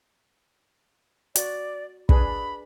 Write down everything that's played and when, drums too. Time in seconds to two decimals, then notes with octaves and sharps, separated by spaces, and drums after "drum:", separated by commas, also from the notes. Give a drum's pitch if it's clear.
1.36 F#4 D5, drum: hi-hat
2.09 D4 G#4 B4 B5, drum: kick